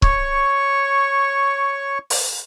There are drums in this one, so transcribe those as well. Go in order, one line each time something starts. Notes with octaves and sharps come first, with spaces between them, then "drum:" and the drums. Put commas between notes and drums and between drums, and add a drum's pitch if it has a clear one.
C#5 C#6, drum: kick
drum: open hi-hat